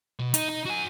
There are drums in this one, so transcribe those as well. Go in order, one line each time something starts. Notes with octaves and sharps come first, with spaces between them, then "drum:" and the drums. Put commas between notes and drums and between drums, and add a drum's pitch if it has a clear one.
B2
D#4, drum: hi-hat
D#4
F#4 G#5